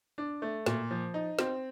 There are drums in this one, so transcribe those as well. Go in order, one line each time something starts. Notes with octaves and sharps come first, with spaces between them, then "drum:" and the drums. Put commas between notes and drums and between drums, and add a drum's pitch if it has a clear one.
D4
A3
A#2, drum: snare
F3
D#4
C4, drum: snare